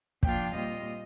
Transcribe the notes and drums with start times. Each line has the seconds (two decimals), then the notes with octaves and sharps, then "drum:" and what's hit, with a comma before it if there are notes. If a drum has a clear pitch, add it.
0.23 F3 A#3 D4 F4 G5, drum: kick
0.54 A#2 G3 C4 F4 D#5